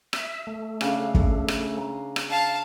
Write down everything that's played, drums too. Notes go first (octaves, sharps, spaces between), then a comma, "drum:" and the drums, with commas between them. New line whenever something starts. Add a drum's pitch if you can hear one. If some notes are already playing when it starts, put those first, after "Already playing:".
E5, drum: rim click
A3
C#3 D4 F5, drum: rim click
drum: kick
drum: rim click
A#5
drum: rim click
F5 A5